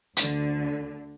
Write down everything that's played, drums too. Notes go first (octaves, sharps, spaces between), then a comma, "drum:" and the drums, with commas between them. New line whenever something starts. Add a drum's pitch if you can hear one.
D2 D3, drum: hi-hat